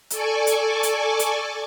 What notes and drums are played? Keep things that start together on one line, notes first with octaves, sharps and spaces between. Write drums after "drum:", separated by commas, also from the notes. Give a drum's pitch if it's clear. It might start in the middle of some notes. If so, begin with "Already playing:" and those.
A4 D5 G#5 C#6 D6, drum: hi-hat
drum: hi-hat
drum: hi-hat
drum: hi-hat